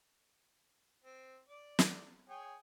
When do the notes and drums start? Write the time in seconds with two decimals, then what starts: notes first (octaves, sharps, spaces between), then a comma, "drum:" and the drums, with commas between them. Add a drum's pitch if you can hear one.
1.05 C4
1.49 D5 D6
1.79 drum: snare
2.29 G#4 C#5 G5